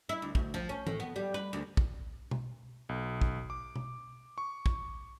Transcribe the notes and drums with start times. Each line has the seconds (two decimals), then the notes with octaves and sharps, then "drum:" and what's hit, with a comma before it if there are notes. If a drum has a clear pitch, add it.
0.09 E4
0.22 D2
0.35 D2, drum: kick
0.54 F3
0.69 C#4
0.87 A2, drum: tom
1.00 B3
1.16 G3
1.34 B4
1.53 D2
1.77 drum: kick
2.31 drum: tom B2
2.89 B1
3.21 drum: kick
3.50 D6
3.76 drum: tom B2
4.38 C#6
4.66 drum: kick